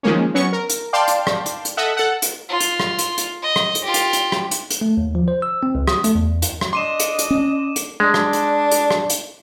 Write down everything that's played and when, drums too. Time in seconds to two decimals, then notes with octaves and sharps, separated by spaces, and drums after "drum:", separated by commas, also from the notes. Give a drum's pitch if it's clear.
0.03 D#3 F3 G#3 A#3 C#4
0.34 F#3 B3 C#4 C#6
0.53 A#4
0.70 drum: hi-hat
0.93 D5 F5 G5 A5 C6
1.08 drum: hi-hat
1.27 drum: rim click
1.46 drum: hi-hat
1.65 drum: hi-hat
1.77 A4 D#5 E5 F#5
1.97 A4 F#5
2.22 drum: hi-hat
2.49 F4
2.60 drum: hi-hat
2.80 drum: rim click
2.99 drum: hi-hat
3.18 drum: hi-hat
3.42 D#5
3.56 drum: rim click
3.75 drum: hi-hat
3.84 F4 G4
3.94 drum: hi-hat
4.13 drum: hi-hat
4.32 drum: rim click
4.51 drum: hi-hat
4.70 drum: hi-hat
4.81 A3
4.97 D#2
5.15 F3
5.28 C5
5.42 E6
5.63 C4
5.75 C#2
5.88 D#6, drum: rim click
6.04 A3, drum: hi-hat
6.15 E2
6.42 drum: hi-hat
6.61 drum: rim click
6.73 D4 D#5 C6 D6 D#7 E7
7.00 drum: hi-hat
7.19 drum: hi-hat
7.30 C#4
7.76 drum: hi-hat
8.00 G#3 D4
8.14 drum: rim click
8.33 drum: hi-hat
8.71 drum: hi-hat
8.91 drum: rim click
9.10 drum: hi-hat